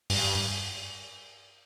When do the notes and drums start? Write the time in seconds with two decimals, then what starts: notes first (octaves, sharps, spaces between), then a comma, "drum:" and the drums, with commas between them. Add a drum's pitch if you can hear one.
0.10 G2, drum: open hi-hat